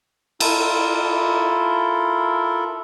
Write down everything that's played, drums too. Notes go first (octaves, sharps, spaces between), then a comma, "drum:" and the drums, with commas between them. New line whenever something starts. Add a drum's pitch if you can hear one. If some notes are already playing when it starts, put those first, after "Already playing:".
E4 F4 A4 A#4, drum: cymbal